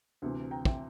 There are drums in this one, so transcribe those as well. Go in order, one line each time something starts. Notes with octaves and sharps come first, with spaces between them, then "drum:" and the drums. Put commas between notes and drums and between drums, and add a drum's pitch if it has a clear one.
D2 C3 E3
G5 A#5
E5 G5, drum: kick